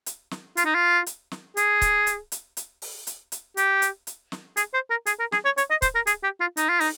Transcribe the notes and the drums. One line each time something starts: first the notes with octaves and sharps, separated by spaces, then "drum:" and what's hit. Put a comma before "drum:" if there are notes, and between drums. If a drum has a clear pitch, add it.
drum: hi-hat
drum: snare
F4, drum: hi-hat
D#4
F4
drum: hi-hat
drum: snare
G#4, drum: hi-hat
drum: kick, hi-hat
drum: hi-hat
drum: hi-hat
drum: hi-hat
drum: open hi-hat
drum: hi-hat
drum: hi-hat
G4, drum: hi-hat
drum: hi-hat
drum: hi-hat
drum: snare
G#4, drum: hi-hat
C5
A#4
G#4, drum: hi-hat
A#4
G#4, drum: snare
C#5
C#5, drum: hi-hat
D#5
C5, drum: kick, hi-hat
A#4
G#4, drum: hi-hat
G4
F4
D#4, drum: hi-hat
F4
D#4, drum: open hi-hat